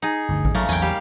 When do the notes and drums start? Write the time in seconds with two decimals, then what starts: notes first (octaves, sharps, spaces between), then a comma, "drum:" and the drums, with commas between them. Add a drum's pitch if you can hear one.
0.02 D#4 G#4
0.29 G1 D2 G2
0.45 drum: kick A1
0.54 C#3 F#3 A3 A#3
0.69 E2 F#3 G5 G#5, drum: tambourine
0.82 G3 G4 F5